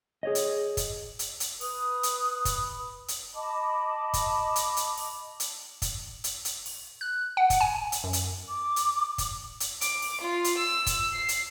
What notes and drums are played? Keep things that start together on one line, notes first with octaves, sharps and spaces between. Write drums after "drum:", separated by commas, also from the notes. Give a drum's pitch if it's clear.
G#4 C#5 D#5
drum: hi-hat
drum: kick, hi-hat
drum: hi-hat
drum: hi-hat
B4 D#6, drum: open hi-hat
drum: hi-hat
drum: kick, hi-hat
drum: hi-hat
D#5 A5 B5 D6
drum: kick, hi-hat
drum: hi-hat
drum: hi-hat
drum: open hi-hat
drum: hi-hat
drum: kick, hi-hat
drum: hi-hat
drum: hi-hat
drum: open hi-hat
F#6
F#5
drum: kick, hi-hat
G#5
drum: hi-hat
F#2
drum: hi-hat
D6
drum: hi-hat
drum: kick, hi-hat
drum: hi-hat
D6, drum: hi-hat
drum: open hi-hat
F4
drum: hi-hat
E6
drum: kick, hi-hat
C7
drum: hi-hat